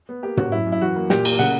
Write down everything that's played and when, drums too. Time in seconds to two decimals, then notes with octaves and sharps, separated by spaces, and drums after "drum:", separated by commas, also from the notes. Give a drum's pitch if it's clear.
0.09 B3
0.23 A#3 G4
0.37 C#4 F#4, drum: tom
0.52 F#2 E4
0.66 F#2
0.72 E4
0.81 E3 F#4
0.96 A#3
1.10 A#2 G4, drum: snare
1.25 A#3, drum: cymbal
1.39 C#3 F#5